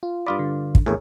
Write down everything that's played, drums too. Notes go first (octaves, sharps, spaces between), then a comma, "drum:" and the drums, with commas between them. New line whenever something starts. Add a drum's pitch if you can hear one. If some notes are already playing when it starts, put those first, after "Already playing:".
F4
G2 F4 D5 B5 D6 D#6
D3
drum: kick
A#1 E2 A2 G#4 A#4 C#5